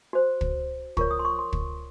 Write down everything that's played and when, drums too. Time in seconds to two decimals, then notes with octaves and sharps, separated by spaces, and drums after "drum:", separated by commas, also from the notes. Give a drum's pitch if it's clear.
0.13 F#4 C5
0.41 drum: kick
0.97 F4 A#4 C#5 C#6, drum: kick
1.11 D#6
1.19 C6
1.25 C#6
1.39 C6
1.53 drum: kick